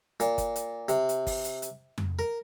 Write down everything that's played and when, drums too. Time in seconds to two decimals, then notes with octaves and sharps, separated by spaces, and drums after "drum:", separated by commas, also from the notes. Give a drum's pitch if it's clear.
0.20 A#2, drum: hi-hat
0.38 drum: kick, hi-hat
0.56 drum: hi-hat
0.89 C3, drum: hi-hat
1.09 drum: hi-hat
1.27 drum: kick, open hi-hat
1.44 drum: hi-hat
1.62 drum: hi-hat
1.98 drum: tom F2
2.19 A#4